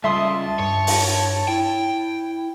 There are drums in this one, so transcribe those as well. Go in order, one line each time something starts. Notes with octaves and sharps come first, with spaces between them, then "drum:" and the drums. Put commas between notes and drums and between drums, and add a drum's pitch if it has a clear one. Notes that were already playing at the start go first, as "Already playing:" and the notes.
C#2 G3 E5 A5 C6 D#6
G2 C#5
drum: open hi-hat
E4 G5